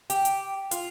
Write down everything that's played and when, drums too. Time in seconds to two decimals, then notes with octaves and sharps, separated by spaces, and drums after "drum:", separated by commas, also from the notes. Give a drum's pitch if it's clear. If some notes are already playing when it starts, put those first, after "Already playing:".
0.10 G4, drum: hi-hat
0.25 drum: hi-hat
0.71 F4, drum: hi-hat